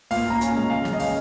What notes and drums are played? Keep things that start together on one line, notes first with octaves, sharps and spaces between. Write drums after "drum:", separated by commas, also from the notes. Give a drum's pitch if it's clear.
A#2 F5, drum: open hi-hat
A#2
A#5
C#4, drum: hi-hat
G#3
C#3 F5
C#3, drum: snare
D#5
C#4 F5, drum: open hi-hat